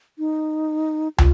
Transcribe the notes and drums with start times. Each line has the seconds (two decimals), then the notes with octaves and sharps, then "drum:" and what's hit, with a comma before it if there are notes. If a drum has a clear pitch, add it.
0.19 D#4
1.18 F4, drum: tom